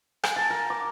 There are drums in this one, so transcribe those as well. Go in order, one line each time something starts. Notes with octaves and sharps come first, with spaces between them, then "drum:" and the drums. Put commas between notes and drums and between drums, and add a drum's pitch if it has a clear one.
G#5, drum: rim click
A5
A#4
D6